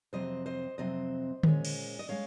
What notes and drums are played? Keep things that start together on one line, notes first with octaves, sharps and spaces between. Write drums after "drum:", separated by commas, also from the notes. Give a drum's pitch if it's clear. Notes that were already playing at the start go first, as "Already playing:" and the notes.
F2 C3 F#3 C4 C5 D#5
C5 D#5
F2 C3 F#3 C4 C5 D#5
A#2 G#3 C#4, drum: tom D3
drum: cymbal
D#5
G#3 C#4 C#5 F5